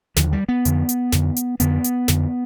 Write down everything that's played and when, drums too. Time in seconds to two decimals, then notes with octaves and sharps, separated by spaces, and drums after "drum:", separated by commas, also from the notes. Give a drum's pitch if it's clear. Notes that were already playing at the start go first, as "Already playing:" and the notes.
0.16 D#2 D3 F3, drum: snare
0.33 G3
0.49 B3
0.65 F2 D3, drum: hi-hat
0.89 drum: hi-hat
1.12 F2 D3, drum: snare
1.36 drum: hi-hat
1.60 F2 D3 B3, drum: hi-hat
1.84 drum: hi-hat
2.08 F2 D3, drum: snare